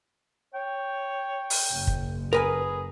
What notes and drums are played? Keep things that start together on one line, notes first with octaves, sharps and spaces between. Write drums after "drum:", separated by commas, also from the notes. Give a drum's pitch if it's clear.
C#5 G5
drum: open hi-hat
F#1
drum: kick
G#4 A#4 B4 G#5